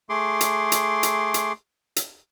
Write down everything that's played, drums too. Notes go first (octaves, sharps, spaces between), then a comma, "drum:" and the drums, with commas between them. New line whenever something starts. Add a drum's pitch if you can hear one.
A3 G#4 C6 D6
drum: hi-hat
drum: hi-hat
drum: hi-hat
drum: hi-hat
drum: hi-hat